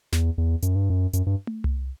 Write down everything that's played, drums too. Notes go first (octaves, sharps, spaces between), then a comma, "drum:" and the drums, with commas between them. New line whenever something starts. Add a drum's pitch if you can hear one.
E2, drum: snare
E2
F#2, drum: hi-hat
G2
F#2
F#2, drum: hi-hat
G2
drum: tom
drum: tom C2